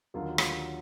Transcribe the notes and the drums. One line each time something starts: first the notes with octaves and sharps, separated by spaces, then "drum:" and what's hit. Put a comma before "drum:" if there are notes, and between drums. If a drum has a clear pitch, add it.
D#2 D3 F#3 A#3 F4
drum: rim click